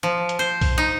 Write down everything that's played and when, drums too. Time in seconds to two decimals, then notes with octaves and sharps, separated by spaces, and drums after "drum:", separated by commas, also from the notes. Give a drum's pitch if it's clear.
0.03 F3
0.29 drum: hi-hat
0.39 C5
0.61 drum: kick B1, open hi-hat
0.78 D#4